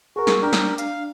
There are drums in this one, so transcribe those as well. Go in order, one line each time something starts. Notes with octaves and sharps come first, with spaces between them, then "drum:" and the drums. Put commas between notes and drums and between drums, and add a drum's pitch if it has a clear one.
F#4 G#4 A#4
drum: snare
D4 G4 A#4
drum: snare
F5, drum: hi-hat